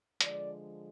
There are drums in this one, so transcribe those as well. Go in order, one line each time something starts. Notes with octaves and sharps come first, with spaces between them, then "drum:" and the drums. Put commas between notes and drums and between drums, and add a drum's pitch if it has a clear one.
D3 F3 G#3 D5, drum: hi-hat